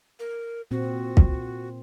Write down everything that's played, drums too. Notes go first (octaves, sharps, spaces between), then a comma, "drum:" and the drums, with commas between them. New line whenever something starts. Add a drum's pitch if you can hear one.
A#4
A#2 C4 F#4
drum: kick